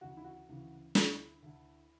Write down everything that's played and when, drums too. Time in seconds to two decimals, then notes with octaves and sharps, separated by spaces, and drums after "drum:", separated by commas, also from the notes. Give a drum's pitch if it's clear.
0.01 D2 C#3 E3 F#4
0.17 E4
0.24 F#4
0.48 D2 C#3 E3
0.95 D2 D3 E4, drum: snare
1.42 D2 D3